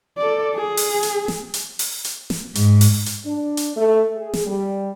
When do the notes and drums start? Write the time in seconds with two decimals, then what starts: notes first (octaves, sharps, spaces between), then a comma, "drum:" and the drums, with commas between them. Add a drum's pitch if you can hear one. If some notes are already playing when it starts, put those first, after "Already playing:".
0.18 A4 D5
0.55 G#4
0.77 drum: open hi-hat
1.03 drum: hi-hat
1.28 drum: snare
1.54 drum: hi-hat
1.79 drum: open hi-hat
2.05 drum: hi-hat
2.30 drum: snare
2.55 G#2, drum: hi-hat
2.81 drum: open hi-hat
3.06 drum: hi-hat
3.25 D4
3.57 drum: hi-hat
3.76 A3
4.16 G#4
4.34 drum: snare
4.46 G3